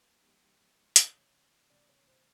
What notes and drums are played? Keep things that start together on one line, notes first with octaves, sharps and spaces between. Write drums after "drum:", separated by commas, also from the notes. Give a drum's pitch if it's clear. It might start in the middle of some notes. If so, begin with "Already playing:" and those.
Already playing: F3 G#3 B3 D#4 G4 B4
F3 G#3 B3 D#4 G4
C3 E3 A3 C#4 C#5, drum: hi-hat
C3 E3 A3 C#4 D5
C#5
C5